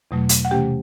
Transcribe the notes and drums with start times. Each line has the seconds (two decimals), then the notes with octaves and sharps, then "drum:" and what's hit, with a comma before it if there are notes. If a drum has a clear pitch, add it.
0.11 E2 B2 F#3 A3
0.29 drum: hi-hat
0.45 F#5
0.51 C3 E3 A3 C#4 G4 G5